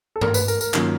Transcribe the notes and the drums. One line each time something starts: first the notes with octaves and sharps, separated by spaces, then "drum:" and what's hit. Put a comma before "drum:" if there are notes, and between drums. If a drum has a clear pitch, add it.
A4
A#4, drum: tom G2
B4, drum: tambourine
A#4, drum: tambourine
A#4, drum: tambourine
D#3 F#3 A#3 C#4 F4, drum: clap